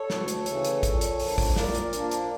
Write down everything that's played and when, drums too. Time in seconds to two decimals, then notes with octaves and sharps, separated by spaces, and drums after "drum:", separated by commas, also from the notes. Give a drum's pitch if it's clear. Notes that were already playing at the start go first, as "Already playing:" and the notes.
Already playing: A4 C#5
0.10 D2, drum: snare
0.28 drum: hi-hat
0.46 C#3 E3 A3, drum: hi-hat
0.65 drum: hi-hat
0.83 A#2, drum: kick, hi-hat
1.01 drum: hi-hat
1.20 F3 A#3 D4, drum: open hi-hat
1.38 drum: kick, open hi-hat
1.56 A#2 A#4 D5, drum: snare
1.75 drum: hi-hat
1.93 F3 A#3 D4, drum: hi-hat
2.11 drum: hi-hat